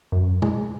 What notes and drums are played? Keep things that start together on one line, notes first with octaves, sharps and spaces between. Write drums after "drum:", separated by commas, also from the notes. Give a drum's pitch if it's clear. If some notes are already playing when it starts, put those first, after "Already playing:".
F#2
G#3, drum: tom